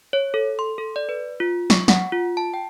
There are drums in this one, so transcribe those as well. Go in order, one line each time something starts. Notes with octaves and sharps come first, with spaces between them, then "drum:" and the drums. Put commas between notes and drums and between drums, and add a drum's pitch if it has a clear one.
C#5
A4
C6
A4
D5
B4
F4
C#6, drum: snare
F#5, drum: snare
F4
A5
G5